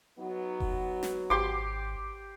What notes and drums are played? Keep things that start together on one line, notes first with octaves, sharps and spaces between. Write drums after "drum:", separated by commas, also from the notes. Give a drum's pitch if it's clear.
F#3 B3 D#4
drum: kick F1
drum: snare
G#1 G4 C6 D6